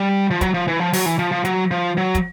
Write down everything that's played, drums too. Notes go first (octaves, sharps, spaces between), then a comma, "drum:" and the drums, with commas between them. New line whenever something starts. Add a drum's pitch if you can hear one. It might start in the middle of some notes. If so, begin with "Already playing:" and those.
Already playing: G3
F3
F#3, drum: kick, hi-hat
F3
E3
F3
F#3, drum: open hi-hat
E3
F3
F3
F#3, drum: hi-hat
F3
F#3
drum: kick, hi-hat